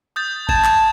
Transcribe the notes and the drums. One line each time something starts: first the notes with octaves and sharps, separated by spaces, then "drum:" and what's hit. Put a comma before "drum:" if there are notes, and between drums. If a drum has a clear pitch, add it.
D#6 G6 A6
A5 G#6 E7, drum: kick G1
drum: clap